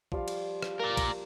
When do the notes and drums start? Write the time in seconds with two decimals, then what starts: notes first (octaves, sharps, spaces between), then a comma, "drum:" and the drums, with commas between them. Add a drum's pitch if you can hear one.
0.12 F3 G3 F5, drum: kick
0.28 drum: cymbal
0.63 drum: rim click
0.80 A#3 A#4 D5
0.97 drum: kick, cymbal